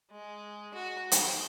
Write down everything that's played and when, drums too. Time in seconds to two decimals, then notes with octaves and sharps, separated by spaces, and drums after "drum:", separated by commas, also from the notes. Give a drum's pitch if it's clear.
0.11 G#3
0.74 F#4
1.12 G5, drum: hi-hat